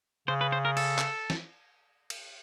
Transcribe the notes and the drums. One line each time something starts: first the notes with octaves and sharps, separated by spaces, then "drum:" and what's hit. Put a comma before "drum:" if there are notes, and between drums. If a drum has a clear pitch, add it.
C#3 C5
B4
C5
A#4
A4, drum: cymbal
drum: clap
drum: snare
drum: cymbal